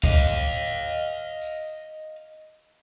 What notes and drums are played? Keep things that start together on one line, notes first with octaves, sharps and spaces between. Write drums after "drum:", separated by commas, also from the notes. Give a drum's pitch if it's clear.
D#5 F5, drum: kick C#2
drum: tambourine